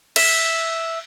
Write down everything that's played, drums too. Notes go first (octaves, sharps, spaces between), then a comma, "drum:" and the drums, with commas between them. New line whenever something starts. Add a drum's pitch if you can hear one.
E5, drum: cymbal